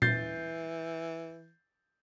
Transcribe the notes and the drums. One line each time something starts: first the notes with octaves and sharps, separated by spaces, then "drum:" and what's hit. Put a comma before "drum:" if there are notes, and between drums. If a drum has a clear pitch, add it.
E3 G6 A6 C7, drum: tom A#2